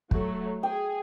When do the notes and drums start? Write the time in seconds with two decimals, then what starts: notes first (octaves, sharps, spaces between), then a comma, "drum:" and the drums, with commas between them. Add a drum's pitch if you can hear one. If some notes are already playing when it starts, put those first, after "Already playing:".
0.11 F#3 A3, drum: kick
0.63 G#4 G5